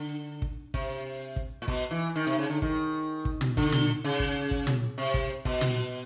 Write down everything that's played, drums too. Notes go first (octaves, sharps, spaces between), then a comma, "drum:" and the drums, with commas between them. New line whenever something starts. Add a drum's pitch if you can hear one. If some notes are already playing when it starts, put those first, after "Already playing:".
Already playing: D3
drum: kick
C3, drum: kick
drum: kick
A#2
B2, drum: kick
E3
D#3
C3
C#3
D3
D#3, drum: kick
drum: kick
drum: tom
D3, drum: kick
drum: tom
C#3
drum: kick
drum: kick
drum: tom
C3
drum: kick
B2, drum: kick
drum: tom